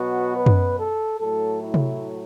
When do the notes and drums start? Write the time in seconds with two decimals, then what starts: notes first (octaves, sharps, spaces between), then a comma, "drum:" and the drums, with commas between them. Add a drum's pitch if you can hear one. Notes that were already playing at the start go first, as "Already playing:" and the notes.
Already playing: B2 F#3 B3 F#4
0.36 B4
0.46 drum: tom F#2
0.78 A4
1.19 A2 F#3 A3 A4
1.61 E4
1.74 drum: tom C3